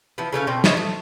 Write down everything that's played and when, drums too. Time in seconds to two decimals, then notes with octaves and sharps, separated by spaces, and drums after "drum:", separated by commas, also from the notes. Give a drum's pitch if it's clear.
0.18 E3 F3 B3
0.33 C#3 A3 C#4 F5
0.47 B2 C4 G5
0.64 E4 C5 C#5 D#5, drum: snare
0.77 A3